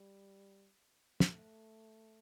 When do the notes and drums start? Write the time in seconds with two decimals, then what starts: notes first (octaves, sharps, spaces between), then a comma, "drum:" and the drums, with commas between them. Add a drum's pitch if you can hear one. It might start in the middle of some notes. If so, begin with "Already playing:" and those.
Already playing: G3
1.20 A3, drum: snare